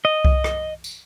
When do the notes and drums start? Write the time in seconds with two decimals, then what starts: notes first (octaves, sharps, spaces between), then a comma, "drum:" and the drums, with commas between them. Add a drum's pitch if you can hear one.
0.05 D#5
0.25 drum: kick C2
0.44 drum: rim click
0.84 drum: tambourine